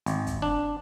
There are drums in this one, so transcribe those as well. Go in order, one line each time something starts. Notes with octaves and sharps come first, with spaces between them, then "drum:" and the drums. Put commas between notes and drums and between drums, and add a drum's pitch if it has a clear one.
G#1, drum: hi-hat
drum: kick, hi-hat
D4